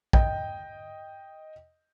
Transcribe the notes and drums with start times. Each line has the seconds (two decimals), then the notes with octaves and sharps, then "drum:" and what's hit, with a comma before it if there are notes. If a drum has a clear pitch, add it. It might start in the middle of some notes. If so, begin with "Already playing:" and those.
0.13 D#5 G5 G6, drum: kick